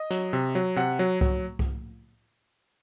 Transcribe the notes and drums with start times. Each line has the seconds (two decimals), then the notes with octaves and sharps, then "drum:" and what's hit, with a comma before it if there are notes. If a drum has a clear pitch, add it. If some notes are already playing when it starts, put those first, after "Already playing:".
Already playing: D#5
0.10 F#3, drum: hi-hat
0.33 C3
0.55 F#3
0.76 C3 F#5
0.99 F#3
1.21 F#3, drum: kick C2
1.59 drum: kick C2